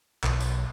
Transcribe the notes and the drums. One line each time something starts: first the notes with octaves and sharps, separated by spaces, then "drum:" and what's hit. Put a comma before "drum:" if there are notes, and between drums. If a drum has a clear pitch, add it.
B1, drum: clap
drum: tambourine